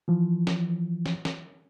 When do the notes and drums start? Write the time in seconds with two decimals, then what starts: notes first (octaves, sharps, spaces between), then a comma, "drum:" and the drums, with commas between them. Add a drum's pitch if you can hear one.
0.08 E3 F3
0.47 drum: snare
1.06 drum: snare
1.25 drum: snare